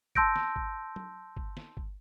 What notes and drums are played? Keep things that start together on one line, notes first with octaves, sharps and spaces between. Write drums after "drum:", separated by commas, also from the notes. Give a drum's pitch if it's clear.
A5 C6 E6 G6 A#6 D7, drum: kick G1
drum: snare
drum: kick G1
drum: tom F#3
drum: kick G1
drum: snare
drum: kick G1